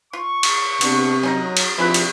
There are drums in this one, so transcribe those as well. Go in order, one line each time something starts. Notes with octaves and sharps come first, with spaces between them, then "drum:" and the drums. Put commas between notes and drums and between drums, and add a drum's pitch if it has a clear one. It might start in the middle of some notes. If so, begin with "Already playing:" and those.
F4 C#6
drum: cymbal
C3 B3 D4, drum: cymbal
F#3 C#4 D#4 D#5
drum: cymbal
C3 F3 D4 E4 G#4 B4
drum: cymbal